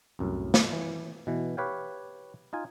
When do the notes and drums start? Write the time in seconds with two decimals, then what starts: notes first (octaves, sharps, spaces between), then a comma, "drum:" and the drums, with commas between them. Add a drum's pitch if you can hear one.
0.19 C2 F#2 A2
0.54 drum: snare
0.72 E3
1.27 B2 E3
1.57 G4 B4 C#5 F5 G5
2.53 D#4 F4 G#5